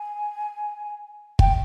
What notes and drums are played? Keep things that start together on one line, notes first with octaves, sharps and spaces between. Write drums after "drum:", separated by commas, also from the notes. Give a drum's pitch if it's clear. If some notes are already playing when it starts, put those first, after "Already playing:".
Already playing: G#5
G5, drum: kick